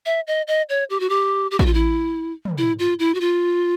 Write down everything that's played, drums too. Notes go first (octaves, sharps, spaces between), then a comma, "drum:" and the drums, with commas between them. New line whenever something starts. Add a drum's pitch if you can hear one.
E5
D#5
D#5
C#5
G4
F#4
G4
G4
F#4, drum: kick A1
F4
E4
drum: tom
E4
F4
E4
F#4
F4